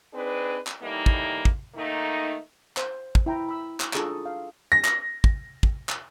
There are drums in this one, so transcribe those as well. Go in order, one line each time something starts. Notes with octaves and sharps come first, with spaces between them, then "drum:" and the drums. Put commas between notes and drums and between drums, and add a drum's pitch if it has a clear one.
C4 D4 D#4 G#4 B4
drum: clap
A2 E3 G3 A#3 D#4
drum: kick
drum: kick
D#3 A3 A#3 D#4
C5, drum: clap
drum: kick
E4 G5 A#5
B5 E6
drum: clap
D4 F4 G#4 A4 A#5 C#6, drum: clap
F5
A#6
drum: clap
drum: kick
drum: kick
drum: clap